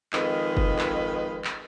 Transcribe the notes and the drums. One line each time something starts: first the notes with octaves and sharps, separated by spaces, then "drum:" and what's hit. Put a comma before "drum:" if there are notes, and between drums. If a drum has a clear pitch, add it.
F2 D#3 G#3 B4, drum: clap
drum: kick F#1
drum: clap
drum: clap